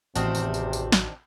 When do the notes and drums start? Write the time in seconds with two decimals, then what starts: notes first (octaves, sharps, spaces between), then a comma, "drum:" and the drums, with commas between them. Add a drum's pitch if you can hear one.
0.15 A1 E2 C3 D#3 C4 D4 F#4, drum: tambourine
0.35 drum: tambourine
0.54 drum: tambourine
0.73 drum: tambourine
0.92 drum: snare